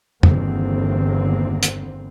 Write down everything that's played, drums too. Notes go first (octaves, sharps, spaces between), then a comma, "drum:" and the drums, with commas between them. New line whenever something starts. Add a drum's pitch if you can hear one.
G1 E2 D3 D#3 A#3 C4, drum: tom
drum: hi-hat